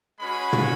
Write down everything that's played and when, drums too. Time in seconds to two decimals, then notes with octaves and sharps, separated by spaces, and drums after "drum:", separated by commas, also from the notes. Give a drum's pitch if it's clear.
0.19 G#3 C#4 F#4 B4 B5
0.53 drum: tom